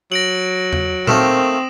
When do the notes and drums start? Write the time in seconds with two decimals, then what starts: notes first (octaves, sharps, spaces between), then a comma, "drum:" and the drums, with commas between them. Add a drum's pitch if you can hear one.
0.12 F#3 A#6 D7 F#7
0.73 drum: tom E2
1.07 D#3 A3 A#3 C4 D#6 E7, drum: tom A#2